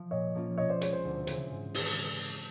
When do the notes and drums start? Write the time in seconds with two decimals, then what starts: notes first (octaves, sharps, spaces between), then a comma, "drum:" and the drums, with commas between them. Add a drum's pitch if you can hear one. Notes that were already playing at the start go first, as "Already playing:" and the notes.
Already playing: F3
0.11 A#2 C#5 D#5
0.35 F3 A#3 C#4 F4
0.58 B2 C#5 D#5
0.70 C5 D5
0.81 G#3 C4 F4 C#5, drum: hi-hat
0.93 C5
1.05 D2
1.27 C#3 E3 G#3 C4, drum: hi-hat
1.51 G#2
1.74 D#3 G#3, drum: open hi-hat